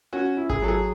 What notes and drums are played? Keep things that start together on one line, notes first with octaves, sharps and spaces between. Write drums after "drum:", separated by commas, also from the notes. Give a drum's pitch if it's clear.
C#4 F#4
E4
G#4, drum: kick G#1
F#3 A4
G#4